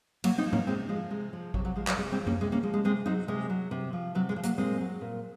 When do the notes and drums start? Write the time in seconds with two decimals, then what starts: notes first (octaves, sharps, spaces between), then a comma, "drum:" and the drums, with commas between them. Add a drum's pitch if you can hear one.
0.24 C3 F#3 A#3, drum: cymbal
0.38 C4 D#4
0.46 F3
0.53 A#3 C#4, drum: tom G#2
0.67 C3 G#3 C4
0.88 F3 G#3
1.10 C3 G#3
1.33 F3
1.54 C3 F#3, drum: kick A1
1.65 F#3
1.76 F3 G#3
1.87 F#3, drum: clap
1.97 C3 G#3
2.12 G#3 C4
2.19 F3
2.27 A#3 C#4, drum: tom F#2
2.40 C3 G#3
2.52 A#3 C#4
2.63 F3 G#3
2.74 G#3
2.84 C3 G#3 C4
3.06 F#3 C4 D#4
3.28 C3 G#3
3.50 F#3
3.71 C3
3.93 F3
4.15 C3 F#3
4.29 G#3
4.36 F3
4.43 F#3 A#3, drum: hi-hat
4.58 A#2 G#3 C4
4.80 F#3
5.01 A#2